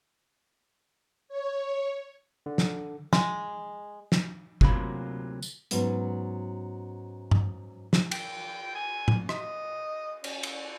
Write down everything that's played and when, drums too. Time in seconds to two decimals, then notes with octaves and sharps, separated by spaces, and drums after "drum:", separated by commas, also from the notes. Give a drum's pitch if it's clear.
1.28 C#5
2.46 D3
2.58 drum: snare
3.13 G#3, drum: snare
4.12 drum: snare
4.61 D2 C3 F#3 A#3 F4 B5, drum: kick G1
5.42 drum: tambourine
5.71 G#2 F#3 B3 C#4, drum: hi-hat
7.31 drum: tom G2
7.93 drum: snare
8.11 G5, drum: cymbal
8.75 G#5
9.08 drum: tom A2
9.29 D#5, drum: rim click
10.24 C#4, drum: cymbal
10.43 drum: cymbal